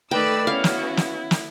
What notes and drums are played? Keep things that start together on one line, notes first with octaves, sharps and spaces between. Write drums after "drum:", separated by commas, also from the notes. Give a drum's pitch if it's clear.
D#3 A3 B4 D5 G5 B5 E6
B3 C#4 E4 F#4 F5
drum: snare
drum: snare
drum: snare